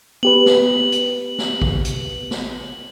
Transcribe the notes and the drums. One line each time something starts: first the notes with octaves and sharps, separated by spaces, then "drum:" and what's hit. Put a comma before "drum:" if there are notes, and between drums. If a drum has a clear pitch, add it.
B3 G4 B4 F#7
drum: snare
drum: hi-hat
drum: snare
drum: kick G#1
drum: hi-hat
drum: snare